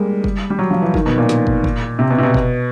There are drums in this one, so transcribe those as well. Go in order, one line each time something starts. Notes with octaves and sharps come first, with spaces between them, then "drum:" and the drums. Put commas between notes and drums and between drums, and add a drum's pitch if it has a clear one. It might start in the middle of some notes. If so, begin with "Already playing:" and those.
Already playing: G3 G#3 A#3
drum: kick
G3
F#3
F3
E3
D#3, drum: kick
B2
A#2
drum: snare
drum: kick
drum: kick
C3
B2
C3
B2
drum: kick